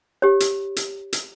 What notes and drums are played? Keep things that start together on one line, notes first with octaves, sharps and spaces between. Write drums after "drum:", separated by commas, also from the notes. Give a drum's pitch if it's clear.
G4 C#5
drum: hi-hat
drum: hi-hat
drum: hi-hat